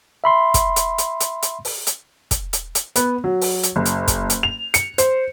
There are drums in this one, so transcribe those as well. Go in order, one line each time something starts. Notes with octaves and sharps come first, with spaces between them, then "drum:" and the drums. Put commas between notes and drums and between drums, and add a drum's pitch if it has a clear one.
E5 B5 C6
drum: kick, hi-hat
drum: hi-hat
drum: hi-hat
drum: hi-hat
drum: hi-hat
drum: open hi-hat
drum: hi-hat
drum: kick, hi-hat
drum: hi-hat
drum: hi-hat
B3, drum: hi-hat
F#3
drum: open hi-hat
drum: hi-hat
F#1
drum: hi-hat
drum: kick, hi-hat
drum: hi-hat
F7
C#7, drum: hi-hat
C5, drum: hi-hat